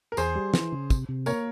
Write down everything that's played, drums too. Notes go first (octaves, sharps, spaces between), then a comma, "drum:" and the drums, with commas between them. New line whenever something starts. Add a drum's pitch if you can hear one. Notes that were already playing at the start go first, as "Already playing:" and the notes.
A#4
E2 G#4 C5, drum: tambourine
G3
E3, drum: snare
C#3
C3, drum: kick, tambourine
C3
A#3 A#4 C#5, drum: tambourine